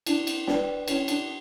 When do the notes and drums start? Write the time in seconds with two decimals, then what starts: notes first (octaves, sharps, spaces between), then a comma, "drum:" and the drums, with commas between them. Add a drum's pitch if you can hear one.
0.07 D4 E4, drum: cymbal
0.27 drum: cymbal
0.47 D4 B4 D5 G5, drum: snare
0.88 C#4 E4, drum: cymbal
1.08 D4, drum: cymbal